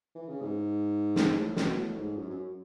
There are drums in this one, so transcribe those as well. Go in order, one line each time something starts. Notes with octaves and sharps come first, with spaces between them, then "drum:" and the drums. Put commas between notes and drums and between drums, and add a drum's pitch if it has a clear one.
E3
C#3
G#2
drum: snare
G#2
A2
B2, drum: snare
A2
G#2
F#2
F#2